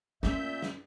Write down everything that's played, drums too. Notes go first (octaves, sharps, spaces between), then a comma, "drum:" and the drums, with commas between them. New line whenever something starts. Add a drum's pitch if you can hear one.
A#2 C#4 E5 G6, drum: snare
drum: snare